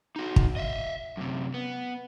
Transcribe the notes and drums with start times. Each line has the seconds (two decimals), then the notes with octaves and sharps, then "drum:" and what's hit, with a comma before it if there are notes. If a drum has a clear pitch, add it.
0.16 D#4 F#4
0.36 drum: kick
0.56 D#5 E5
1.17 F#2 C3
1.54 B3